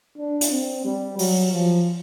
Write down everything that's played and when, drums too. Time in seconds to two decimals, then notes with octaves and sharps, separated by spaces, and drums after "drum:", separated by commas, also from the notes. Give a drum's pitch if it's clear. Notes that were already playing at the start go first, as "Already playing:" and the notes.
0.18 D4
0.41 drum: hi-hat
0.51 C4
0.85 G3
1.19 F#3, drum: open hi-hat
1.52 F3